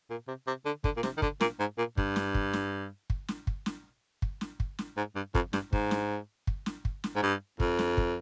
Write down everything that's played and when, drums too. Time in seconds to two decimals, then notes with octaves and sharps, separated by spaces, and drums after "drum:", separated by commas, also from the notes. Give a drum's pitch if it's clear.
0.10 A#2
0.28 C3
0.47 C3
0.66 D3
0.84 D3, drum: kick
0.97 A#2
1.03 C3, drum: snare
1.17 D#3
1.22 D3, drum: kick
1.40 A#2, drum: snare
1.60 G#2
1.78 A#2
1.97 G2, drum: kick
2.16 drum: snare
2.35 drum: kick
2.53 drum: snare
3.10 drum: kick
3.28 drum: snare
3.47 drum: kick
3.66 drum: snare
4.22 drum: kick
4.41 drum: snare
4.60 drum: kick
4.79 drum: snare
4.97 G#2
5.15 G2
5.35 F2, drum: kick
5.53 G2, drum: snare
5.73 G#2, drum: kick
5.91 drum: snare
6.47 drum: kick
6.66 drum: snare
6.85 drum: kick
7.04 drum: snare
7.16 G#2
7.22 G2
7.60 F2, drum: kick
7.79 drum: snare
7.97 drum: kick